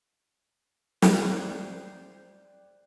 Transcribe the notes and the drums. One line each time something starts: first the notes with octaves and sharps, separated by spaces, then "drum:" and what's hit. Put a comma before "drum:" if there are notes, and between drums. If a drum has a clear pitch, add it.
C5 F#6 G#6, drum: snare
D5 G5